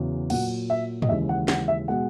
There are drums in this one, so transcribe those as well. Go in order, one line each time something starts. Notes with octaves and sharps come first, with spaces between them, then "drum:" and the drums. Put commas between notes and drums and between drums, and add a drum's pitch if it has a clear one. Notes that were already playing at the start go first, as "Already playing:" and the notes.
Already playing: E2 C#3 F#3
A#2 F#3 F#5, drum: cymbal
E5
D#5, drum: tom
D#2 C#3 E3 G#3 E5
F#5
F#5, drum: snare
E5
B2 G#3 F#5